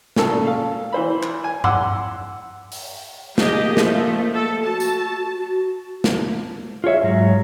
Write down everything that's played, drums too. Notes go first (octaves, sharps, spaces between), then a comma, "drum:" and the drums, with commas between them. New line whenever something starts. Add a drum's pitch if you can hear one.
A#2 C#3 A4, drum: snare
F5
E3 C5 B5
drum: clap
G#5
F#5 C6 D6 E6, drum: tom G2
drum: open hi-hat
A#3 G4 G#4 D#5, drum: snare
F3 A3, drum: snare
A4
F#4 A5
drum: tambourine
F#4
drum: snare
F4 G#4 C#5 E5
G#2 F#3